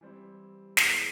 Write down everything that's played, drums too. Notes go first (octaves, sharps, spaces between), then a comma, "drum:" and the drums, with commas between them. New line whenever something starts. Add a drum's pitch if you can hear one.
E3 G3 C4 E4
E2 E3 G#3 E4, drum: snare